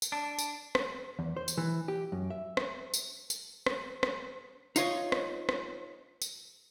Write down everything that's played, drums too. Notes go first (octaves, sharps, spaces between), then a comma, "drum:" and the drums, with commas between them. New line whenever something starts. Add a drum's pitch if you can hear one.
drum: tambourine
D4
drum: tambourine
drum: rim click
E2
C5
drum: tambourine
E3
G4
F#2
E5
drum: rim click
drum: tambourine
drum: tambourine
drum: rim click
drum: rim click
D#4 F4 C#5 D#5, drum: tambourine
drum: rim click
drum: rim click
drum: tambourine